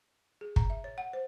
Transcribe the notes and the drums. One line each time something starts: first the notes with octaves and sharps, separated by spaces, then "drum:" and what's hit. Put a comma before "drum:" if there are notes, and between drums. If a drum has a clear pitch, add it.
G#4
A#5, drum: kick
E5
C#5
F#5
C5